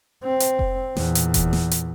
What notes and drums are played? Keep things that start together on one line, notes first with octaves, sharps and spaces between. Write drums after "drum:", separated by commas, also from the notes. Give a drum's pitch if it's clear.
C4
drum: hi-hat
drum: kick F1
E2 A#2, drum: snare
drum: hi-hat
drum: kick F1, hi-hat
drum: snare
drum: hi-hat